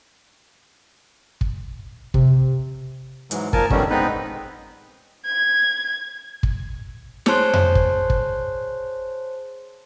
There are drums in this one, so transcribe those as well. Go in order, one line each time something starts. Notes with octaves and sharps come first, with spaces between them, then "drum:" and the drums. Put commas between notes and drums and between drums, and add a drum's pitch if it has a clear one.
drum: kick
C3, drum: kick
G#2 E3 F#3 G#3, drum: hi-hat
A#2 F3 A#4 G#5 A5, drum: kick
B2 D3 D#3 F#3 G3 C#4, drum: kick
G#3 B3 C4 D#4 B4
G#6
drum: kick
G#4 C5 C#5 A5 C6 F#6, drum: snare
drum: tom F2
drum: kick
drum: kick